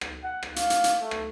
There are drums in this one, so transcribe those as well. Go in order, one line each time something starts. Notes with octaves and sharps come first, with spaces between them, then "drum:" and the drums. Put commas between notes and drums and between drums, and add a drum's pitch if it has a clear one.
drum: rim click
F#5
drum: rim click
F5, drum: hi-hat
drum: hi-hat
drum: hi-hat
A3
drum: rim click